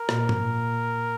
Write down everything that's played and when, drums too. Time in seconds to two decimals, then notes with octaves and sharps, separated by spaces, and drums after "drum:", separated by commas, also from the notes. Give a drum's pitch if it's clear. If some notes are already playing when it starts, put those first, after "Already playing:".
Already playing: A#4
0.09 A#2, drum: rim click
0.29 drum: tom G#2
0.41 A#2